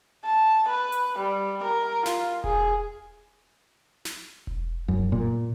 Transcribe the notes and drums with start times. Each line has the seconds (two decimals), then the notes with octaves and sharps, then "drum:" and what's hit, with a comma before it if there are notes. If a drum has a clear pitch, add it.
0.25 A5
0.68 B4
0.92 drum: hi-hat
1.18 G3
1.63 A#4
2.06 F4, drum: snare
2.44 G#4, drum: kick E1
4.05 drum: snare
4.47 drum: kick E1
4.88 F#2, drum: kick E1
5.12 A#2